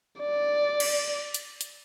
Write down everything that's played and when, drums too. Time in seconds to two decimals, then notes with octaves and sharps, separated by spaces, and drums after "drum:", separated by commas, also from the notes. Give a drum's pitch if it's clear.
0.21 D5
0.80 drum: cymbal
1.34 drum: hi-hat
1.61 drum: hi-hat